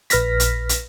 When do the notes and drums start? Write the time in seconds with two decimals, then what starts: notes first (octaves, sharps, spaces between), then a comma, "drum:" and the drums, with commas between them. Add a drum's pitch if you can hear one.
0.10 A#1 B4 F6 A#6 B6, drum: hi-hat
0.40 drum: hi-hat
0.69 drum: hi-hat